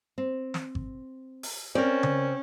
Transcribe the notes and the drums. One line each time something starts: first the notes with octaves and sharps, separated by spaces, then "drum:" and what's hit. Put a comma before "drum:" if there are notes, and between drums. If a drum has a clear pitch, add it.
C4
drum: snare
drum: kick G#1
drum: open hi-hat
C4 C#4 A#4 D5
drum: tom C#3